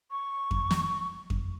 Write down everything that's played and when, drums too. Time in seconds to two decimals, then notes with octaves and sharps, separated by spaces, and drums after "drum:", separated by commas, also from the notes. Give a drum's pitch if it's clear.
0.11 C#6
0.51 drum: kick F2
0.71 drum: snare
1.30 drum: kick F2